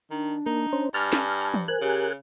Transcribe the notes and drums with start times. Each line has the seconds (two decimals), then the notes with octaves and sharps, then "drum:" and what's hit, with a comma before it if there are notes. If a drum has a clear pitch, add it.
0.11 D#3 D4
0.46 A#3 D#4
0.73 C#4 C5
0.94 G2 G#5 A5 F6
1.13 drum: snare
1.54 drum: tom E3
1.68 A#4 C5 G#5 F#6
1.81 C#3 G4